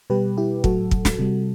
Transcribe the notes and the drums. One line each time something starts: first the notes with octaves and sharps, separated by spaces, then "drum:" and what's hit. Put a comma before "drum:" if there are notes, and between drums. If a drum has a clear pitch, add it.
B2 G3 G4 B4
E4 G4
A2 F#3 F#4 A4, drum: kick
drum: kick
drum: snare
C3 G3